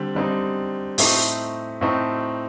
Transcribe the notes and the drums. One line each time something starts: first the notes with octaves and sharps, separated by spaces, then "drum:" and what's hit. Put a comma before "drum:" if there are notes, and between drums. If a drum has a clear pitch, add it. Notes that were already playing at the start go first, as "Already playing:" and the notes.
Already playing: D3 G3 C4
D3 G3 C4 D#4
A2 A3 C4 D#4, drum: open hi-hat
A2 A3 C4 D#4